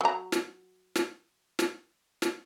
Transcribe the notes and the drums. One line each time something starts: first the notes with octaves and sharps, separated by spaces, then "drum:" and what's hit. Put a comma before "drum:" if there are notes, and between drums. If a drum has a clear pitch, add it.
F#3 A#5
drum: snare
drum: snare
drum: snare
drum: snare